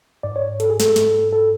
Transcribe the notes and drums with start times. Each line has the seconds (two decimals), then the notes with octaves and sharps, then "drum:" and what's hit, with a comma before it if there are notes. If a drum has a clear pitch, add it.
0.23 G#2 D5
0.36 C#5
0.60 A4, drum: hi-hat
0.70 G#4
0.80 A4, drum: snare
0.96 G#2, drum: snare
1.33 A4